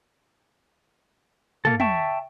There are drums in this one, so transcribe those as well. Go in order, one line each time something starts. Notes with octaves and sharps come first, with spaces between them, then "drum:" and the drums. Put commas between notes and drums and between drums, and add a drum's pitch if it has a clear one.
A#3 A4, drum: tom
E5 G5 A5 C#6, drum: tom